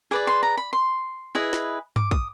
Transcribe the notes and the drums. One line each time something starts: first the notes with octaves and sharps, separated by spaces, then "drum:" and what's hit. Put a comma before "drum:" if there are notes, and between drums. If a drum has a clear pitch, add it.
G#4 B4 D5 D6
C6
A#5
B5
C6
E4 G#4 B4 D#5
drum: snare
D6, drum: tom G2
D#6, drum: kick